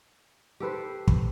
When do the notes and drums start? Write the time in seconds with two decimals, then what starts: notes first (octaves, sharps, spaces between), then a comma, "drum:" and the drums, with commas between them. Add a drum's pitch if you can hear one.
0.60 G4 A4 B4 C5
1.07 drum: kick